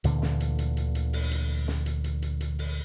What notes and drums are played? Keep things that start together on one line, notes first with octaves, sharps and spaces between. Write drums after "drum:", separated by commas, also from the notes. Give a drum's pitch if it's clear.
D2 A#2 D3 E3, drum: hi-hat
drum: snare
drum: hi-hat
drum: hi-hat
drum: hi-hat
drum: hi-hat
drum: open hi-hat
drum: hi-hat
drum: snare
drum: hi-hat
drum: hi-hat
drum: hi-hat
drum: hi-hat
drum: open hi-hat